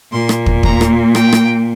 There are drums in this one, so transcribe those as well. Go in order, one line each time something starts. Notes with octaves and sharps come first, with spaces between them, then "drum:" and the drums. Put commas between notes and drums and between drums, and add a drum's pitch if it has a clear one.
A#2 A#3 C6
drum: rim click
drum: kick
A#5, drum: kick
drum: rim click
G5, drum: rim click
drum: rim click